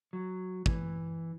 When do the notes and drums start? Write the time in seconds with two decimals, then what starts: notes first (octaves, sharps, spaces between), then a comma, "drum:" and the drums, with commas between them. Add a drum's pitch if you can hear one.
0.13 F#3
0.66 E3, drum: kick